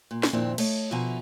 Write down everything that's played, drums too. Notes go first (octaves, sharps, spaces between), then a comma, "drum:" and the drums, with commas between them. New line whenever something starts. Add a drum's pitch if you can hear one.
A#2
drum: snare
F2 A#2 D#3 C4 D4 E4
A3 C#5 D#5, drum: cymbal
B2 D3 F3 E5 G#5 A#5